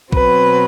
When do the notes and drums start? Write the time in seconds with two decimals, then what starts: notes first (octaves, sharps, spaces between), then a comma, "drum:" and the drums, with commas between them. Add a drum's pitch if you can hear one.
0.12 B2 F#3 C4 B4, drum: kick